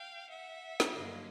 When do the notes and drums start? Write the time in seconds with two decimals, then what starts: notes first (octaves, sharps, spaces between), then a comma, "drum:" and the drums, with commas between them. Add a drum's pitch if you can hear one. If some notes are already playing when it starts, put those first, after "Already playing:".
Already playing: F5 G5
0.30 E5 F#5
0.80 drum: snare
0.93 G2 D3 F#3 A#3 D#5 F5